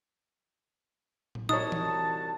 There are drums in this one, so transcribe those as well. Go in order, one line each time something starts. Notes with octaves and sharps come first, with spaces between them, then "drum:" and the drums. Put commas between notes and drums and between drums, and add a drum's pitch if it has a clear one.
drum: tom
C2 D#4 F#4 C#5 A5 D#6, drum: tom
drum: tom E3